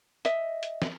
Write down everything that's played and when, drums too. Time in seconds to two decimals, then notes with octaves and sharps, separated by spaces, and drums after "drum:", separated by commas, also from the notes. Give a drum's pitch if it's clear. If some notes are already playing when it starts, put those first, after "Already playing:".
0.25 D#5 E5, drum: hi-hat
0.63 drum: hi-hat
0.82 drum: snare